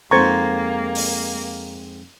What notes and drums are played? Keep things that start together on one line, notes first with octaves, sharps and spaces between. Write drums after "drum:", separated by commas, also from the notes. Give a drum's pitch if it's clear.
F2 G#2 A#3 C5 A#5 C#6 G#6 A6
drum: open hi-hat